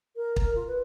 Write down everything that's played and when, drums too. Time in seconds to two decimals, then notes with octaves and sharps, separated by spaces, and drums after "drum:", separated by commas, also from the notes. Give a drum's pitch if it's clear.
0.16 A#4
0.36 A#4, drum: kick
0.55 F4
0.67 B4